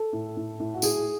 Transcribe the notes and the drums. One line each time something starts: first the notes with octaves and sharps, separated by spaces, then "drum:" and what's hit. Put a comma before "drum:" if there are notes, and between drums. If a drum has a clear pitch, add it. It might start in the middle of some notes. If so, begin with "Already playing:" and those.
Already playing: A4
A2
A2
A2
F#4
A2 G#4, drum: tambourine